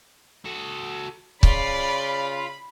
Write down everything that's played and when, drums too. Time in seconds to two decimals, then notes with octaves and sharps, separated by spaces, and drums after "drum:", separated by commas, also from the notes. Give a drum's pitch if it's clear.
0.45 F#4 A4
1.43 C#3 F4 D5 B5, drum: kick C#1